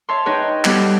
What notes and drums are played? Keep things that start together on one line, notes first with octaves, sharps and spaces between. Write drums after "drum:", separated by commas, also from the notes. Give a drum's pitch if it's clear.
C#5 E5 A5 C6
D#4 G#4 B4 C#5 G5
G3 B3 G4 A4, drum: clap